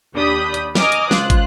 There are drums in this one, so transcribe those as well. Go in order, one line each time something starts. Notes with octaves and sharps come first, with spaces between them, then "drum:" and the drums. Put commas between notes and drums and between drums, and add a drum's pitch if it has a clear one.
D#2 D4 G4 B5 D#6 G6
drum: hi-hat
D#5 G#5 A#5 D6 D#6 F6, drum: snare
drum: hi-hat
C#2 F4 C5 F#6, drum: snare
drum: kick, hi-hat